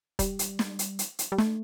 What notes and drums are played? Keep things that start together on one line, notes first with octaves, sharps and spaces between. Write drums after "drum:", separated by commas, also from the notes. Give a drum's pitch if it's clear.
G3, drum: kick, hi-hat
drum: hi-hat
drum: snare
drum: hi-hat
drum: hi-hat
drum: hi-hat
G3
A3, drum: snare